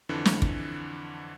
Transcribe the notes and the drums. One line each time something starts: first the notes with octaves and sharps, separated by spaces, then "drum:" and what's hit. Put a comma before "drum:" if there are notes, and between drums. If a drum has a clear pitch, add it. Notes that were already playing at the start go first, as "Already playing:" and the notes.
F2 D3 E3 D4
drum: snare
drum: kick